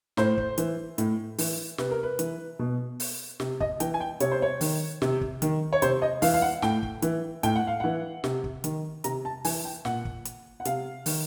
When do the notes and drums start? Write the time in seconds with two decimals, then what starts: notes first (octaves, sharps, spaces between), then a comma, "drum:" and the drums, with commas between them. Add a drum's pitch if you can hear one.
0.17 A2 C5, drum: snare
0.38 drum: kick
0.58 E3, drum: hi-hat
0.98 A2, drum: hi-hat
1.38 E3, drum: open hi-hat
1.78 C3 B4, drum: snare
1.91 A#4
2.03 B4
2.19 E3, drum: hi-hat
2.59 B2
3.00 drum: open hi-hat
3.40 C3, drum: snare
3.60 D#5, drum: kick
3.80 E3 G5, drum: hi-hat
3.94 G#5
4.00 G5
4.20 C3 C#5, drum: hi-hat
4.31 C5
4.42 C#5
4.61 D#3, drum: open hi-hat
5.02 C3, drum: snare
5.21 drum: kick
5.42 D#3, drum: hi-hat
5.73 C#5
5.82 C3 C5, drum: hi-hat
6.02 D#5
6.22 E3 F5, drum: open hi-hat
6.34 F5
6.42 F#5
6.62 A2 G5, drum: snare
6.83 drum: kick
7.02 E3, drum: hi-hat
7.43 A2 G5, drum: hi-hat
7.55 F#5
7.67 F5
7.80 E3 F#5
8.24 C3, drum: snare
8.44 drum: kick
8.64 D#3, drum: hi-hat
9.04 C3 A#5, drum: hi-hat
9.25 A5
9.45 E3 G#5, drum: open hi-hat
9.65 G5
9.85 A#2 F#5, drum: snare
10.05 drum: kick
10.25 drum: hi-hat
10.60 F#5
10.65 C3 F5, drum: hi-hat
11.06 D#3, drum: open hi-hat